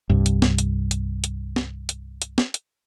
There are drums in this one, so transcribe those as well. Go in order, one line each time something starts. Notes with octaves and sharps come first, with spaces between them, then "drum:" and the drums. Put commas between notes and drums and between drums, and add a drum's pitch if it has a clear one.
C2 G2
drum: hi-hat
drum: snare
drum: hi-hat
drum: hi-hat
drum: hi-hat
drum: snare
drum: hi-hat
drum: hi-hat
drum: snare
drum: hi-hat